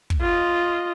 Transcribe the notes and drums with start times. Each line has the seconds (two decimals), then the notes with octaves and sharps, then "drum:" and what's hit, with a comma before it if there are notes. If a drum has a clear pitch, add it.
0.10 drum: kick
0.21 F4 D#5